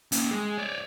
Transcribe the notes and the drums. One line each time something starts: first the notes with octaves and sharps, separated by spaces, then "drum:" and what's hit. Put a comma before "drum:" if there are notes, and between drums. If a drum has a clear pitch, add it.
A#3 C#4, drum: hi-hat
G#3 G#4
C#5 D5